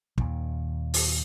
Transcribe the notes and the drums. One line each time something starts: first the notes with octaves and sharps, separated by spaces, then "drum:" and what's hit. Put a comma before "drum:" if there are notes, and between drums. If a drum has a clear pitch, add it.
D#2 A#2 D#3, drum: kick
drum: open hi-hat